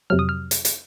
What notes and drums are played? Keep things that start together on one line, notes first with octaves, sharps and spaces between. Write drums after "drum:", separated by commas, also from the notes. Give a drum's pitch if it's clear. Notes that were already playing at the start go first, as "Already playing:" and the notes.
F2 C3 F#3 F6
D#6
F6
drum: hi-hat
drum: hi-hat